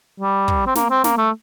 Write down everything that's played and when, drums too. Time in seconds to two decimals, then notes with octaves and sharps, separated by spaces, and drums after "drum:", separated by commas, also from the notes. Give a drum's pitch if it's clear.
0.20 G3
0.48 drum: kick
0.67 C4
0.75 A#3, drum: snare
0.90 C4
1.04 A#3, drum: snare
1.17 A3